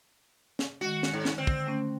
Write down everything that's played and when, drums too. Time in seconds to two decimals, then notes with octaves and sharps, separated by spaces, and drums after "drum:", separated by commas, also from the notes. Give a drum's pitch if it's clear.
0.59 drum: snare
0.81 D#3 G#3 F#4
1.03 drum: snare
1.13 G#2
1.25 drum: snare
1.38 D3 C4
1.47 drum: kick
1.67 A3 C#4